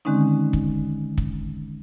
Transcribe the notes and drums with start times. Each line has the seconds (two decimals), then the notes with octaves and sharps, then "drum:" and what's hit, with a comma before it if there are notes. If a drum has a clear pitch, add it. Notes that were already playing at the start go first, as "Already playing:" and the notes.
0.05 D3 D#3 G#3 C4 C#4 D#4
0.53 drum: kick
1.18 drum: kick